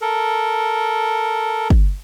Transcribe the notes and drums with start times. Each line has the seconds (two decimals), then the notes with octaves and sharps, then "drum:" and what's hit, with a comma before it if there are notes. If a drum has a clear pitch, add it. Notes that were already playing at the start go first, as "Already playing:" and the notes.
0.01 A4 A#4
1.70 drum: kick